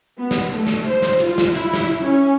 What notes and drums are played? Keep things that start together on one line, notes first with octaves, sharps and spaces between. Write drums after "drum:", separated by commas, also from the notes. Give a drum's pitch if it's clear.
B3
drum: snare
A3
drum: snare
C5
drum: snare
F4, drum: hi-hat
drum: snare
E4, drum: hi-hat
drum: snare
C#4